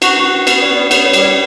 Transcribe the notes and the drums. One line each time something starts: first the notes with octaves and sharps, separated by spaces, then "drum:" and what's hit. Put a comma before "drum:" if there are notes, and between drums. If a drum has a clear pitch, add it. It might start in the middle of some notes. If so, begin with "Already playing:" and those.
E4 F#4, drum: cymbal
E4
F#4
G4
B3 B4, drum: cymbal
B4 D5
B3
B4 D5
B3 A4 C#5, drum: cymbal
A4 C#5
G3, drum: cymbal
B4 D5